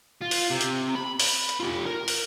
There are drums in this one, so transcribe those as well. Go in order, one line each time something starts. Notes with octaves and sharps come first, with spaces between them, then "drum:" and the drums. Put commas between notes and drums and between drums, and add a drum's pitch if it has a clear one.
F4
drum: open hi-hat
C3
drum: hi-hat
B5
B5, drum: open hi-hat
drum: hi-hat
F4 G4
A#4
drum: open hi-hat